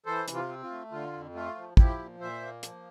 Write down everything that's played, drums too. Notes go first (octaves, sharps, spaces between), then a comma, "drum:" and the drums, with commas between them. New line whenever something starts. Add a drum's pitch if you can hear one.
E3 A4 C5
C3, drum: hi-hat
F4
C4
F4
A3
D3 F4
F2
A3 F4
F3
F3 E4 G4, drum: kick
A#2
A#2 C5 E5
A#3
F3, drum: hi-hat